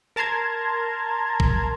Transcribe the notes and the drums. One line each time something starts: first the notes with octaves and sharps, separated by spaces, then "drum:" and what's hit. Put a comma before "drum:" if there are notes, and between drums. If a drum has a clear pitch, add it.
A#4 A5 A#5 C6 G#6
drum: kick